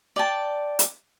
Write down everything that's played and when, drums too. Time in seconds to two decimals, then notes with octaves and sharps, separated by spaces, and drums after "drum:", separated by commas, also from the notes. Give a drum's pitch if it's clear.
0.16 D5 G5 A5
0.79 drum: hi-hat